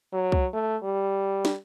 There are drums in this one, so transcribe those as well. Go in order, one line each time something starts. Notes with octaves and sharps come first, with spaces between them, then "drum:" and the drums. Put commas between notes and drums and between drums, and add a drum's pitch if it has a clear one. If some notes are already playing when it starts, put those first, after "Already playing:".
F#3
drum: kick C2
A3
G3
drum: snare